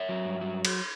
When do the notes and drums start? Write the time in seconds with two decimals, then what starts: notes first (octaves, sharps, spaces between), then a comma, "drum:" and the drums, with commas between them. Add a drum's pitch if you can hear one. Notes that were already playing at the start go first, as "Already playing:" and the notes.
Already playing: C#5 E5
0.09 F#3
0.25 G2
0.41 F#3
0.65 drum: cymbal